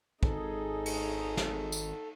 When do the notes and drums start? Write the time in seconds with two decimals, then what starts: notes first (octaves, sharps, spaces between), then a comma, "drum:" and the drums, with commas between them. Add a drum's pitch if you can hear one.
0.23 G#1 D#4 G#4 A4, drum: kick
0.86 drum: cymbal
1.37 drum: snare
1.72 drum: tambourine